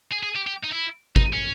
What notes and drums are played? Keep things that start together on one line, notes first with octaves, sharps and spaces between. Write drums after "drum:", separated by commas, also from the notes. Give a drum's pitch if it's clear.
G#4
G#4
G4
G4
D#4
E4
D#4, drum: kick
C#4